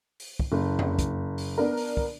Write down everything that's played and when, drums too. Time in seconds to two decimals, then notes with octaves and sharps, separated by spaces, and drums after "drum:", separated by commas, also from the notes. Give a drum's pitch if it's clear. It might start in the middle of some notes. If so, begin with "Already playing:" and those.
0.20 drum: open hi-hat
0.40 drum: kick
0.52 F#1
0.79 drum: tom F2
0.99 drum: kick, hi-hat
1.38 drum: open hi-hat
1.58 B3 D4 A#4
1.77 drum: open hi-hat
1.97 drum: kick